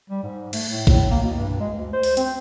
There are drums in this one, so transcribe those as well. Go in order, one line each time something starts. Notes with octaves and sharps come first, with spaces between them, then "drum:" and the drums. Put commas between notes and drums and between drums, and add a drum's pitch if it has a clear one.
G3
G#2
A3, drum: cymbal
A2
A2, drum: kick A#1
A#3
B2
G2
G#3
D2
C5
drum: open hi-hat
C4, drum: hi-hat